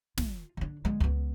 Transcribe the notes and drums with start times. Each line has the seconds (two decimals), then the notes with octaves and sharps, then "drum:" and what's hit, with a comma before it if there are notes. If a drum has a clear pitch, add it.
0.18 F4, drum: snare
0.57 D3 D4
0.85 D3 G#3
1.00 C#2 B3